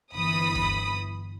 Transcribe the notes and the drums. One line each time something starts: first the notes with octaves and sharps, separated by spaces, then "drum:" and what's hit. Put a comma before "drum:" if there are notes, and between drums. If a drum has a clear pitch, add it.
G1 E3 B5 D#6
drum: kick